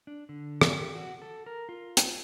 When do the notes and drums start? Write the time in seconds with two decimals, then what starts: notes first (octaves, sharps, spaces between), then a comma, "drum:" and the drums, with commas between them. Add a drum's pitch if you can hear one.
0.07 D4
0.29 D3
0.61 drum: rim click
0.72 G4
0.95 F#4
1.22 A4
1.46 A#4
1.69 F4
1.97 drum: hi-hat